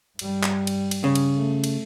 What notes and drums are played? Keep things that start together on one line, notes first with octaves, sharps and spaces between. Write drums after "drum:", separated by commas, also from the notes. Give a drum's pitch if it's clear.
G2 G3, drum: cymbal
drum: clap
drum: cymbal
drum: cymbal
C#3
drum: cymbal
A3
drum: cymbal